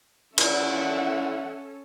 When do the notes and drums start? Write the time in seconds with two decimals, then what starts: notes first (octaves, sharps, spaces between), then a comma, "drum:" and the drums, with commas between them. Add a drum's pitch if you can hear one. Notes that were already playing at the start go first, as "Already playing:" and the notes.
0.38 C#4 E4 A4 E5 F#5, drum: cymbal